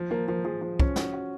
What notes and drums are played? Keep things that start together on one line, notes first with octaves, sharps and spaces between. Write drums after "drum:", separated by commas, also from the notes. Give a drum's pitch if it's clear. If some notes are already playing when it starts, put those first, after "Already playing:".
Already playing: F3
F3 A#3
F3 A#3
F3 G#4
F3
C#4, drum: kick
F#4, drum: snare
F#4